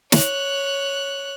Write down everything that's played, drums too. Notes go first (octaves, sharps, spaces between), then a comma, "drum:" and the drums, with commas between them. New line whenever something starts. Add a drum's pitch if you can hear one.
C#5 F#6, drum: snare